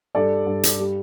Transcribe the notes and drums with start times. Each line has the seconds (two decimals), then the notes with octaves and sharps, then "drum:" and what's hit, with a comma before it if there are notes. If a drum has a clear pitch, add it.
0.15 G2 A4 D5
0.46 G2
0.63 drum: hi-hat
0.79 G3